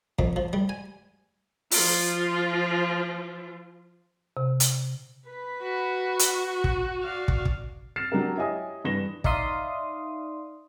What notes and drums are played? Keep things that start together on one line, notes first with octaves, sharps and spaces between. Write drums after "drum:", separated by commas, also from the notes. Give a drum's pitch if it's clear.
F2, drum: kick
F3
G3
G#5
F3 F4, drum: open hi-hat
C3
drum: hi-hat
B4 B5
F#4
drum: hi-hat
drum: kick
D5 F5
drum: kick
drum: kick
F6 A6 C7 E7
F#3 D4 G4 A#4
E4 G4 C#5 D#5 G#5 D#6
G2 E3 B4 A#6 E7 G7
D#4 D5 E5 F5 C6 D#6, drum: kick